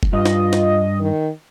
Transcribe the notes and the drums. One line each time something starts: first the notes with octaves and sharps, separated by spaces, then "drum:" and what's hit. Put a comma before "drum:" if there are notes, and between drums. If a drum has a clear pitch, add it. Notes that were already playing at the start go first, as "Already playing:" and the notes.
drum: kick F1
G2 F4 D#5
drum: snare
drum: snare
D#3